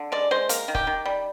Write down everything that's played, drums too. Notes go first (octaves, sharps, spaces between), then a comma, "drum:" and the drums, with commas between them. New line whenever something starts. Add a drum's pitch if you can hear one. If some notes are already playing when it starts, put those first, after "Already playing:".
Already playing: D3
G#3 D5
G#3 C5
A#3 A#4, drum: hi-hat
D#3
G4, drum: kick
D#3
G3